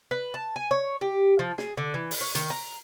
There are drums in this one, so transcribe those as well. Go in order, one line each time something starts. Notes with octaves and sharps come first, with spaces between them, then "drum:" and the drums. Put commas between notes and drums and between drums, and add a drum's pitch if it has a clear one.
B4
A5
G#5
C#5
G4
F3
G#4, drum: snare
D3
E3
drum: open hi-hat
C#5
D#3, drum: hi-hat
A#5